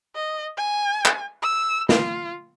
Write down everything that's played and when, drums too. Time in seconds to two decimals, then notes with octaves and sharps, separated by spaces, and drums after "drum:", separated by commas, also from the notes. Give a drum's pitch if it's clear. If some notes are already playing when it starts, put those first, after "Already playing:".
0.15 D#5
0.57 G#5
1.05 drum: clap
1.42 E6
1.89 F4, drum: snare